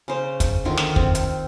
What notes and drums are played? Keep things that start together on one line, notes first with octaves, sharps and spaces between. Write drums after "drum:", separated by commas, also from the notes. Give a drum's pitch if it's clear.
C#3 C5
drum: kick, hi-hat
D3 D#3 F4
drum: snare
C4, drum: kick
drum: hi-hat